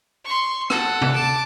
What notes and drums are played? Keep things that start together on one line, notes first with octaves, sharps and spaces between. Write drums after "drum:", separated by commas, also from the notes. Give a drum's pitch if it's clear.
C6 C#6
A4 F#5, drum: rim click
drum: tom C3
A5 D6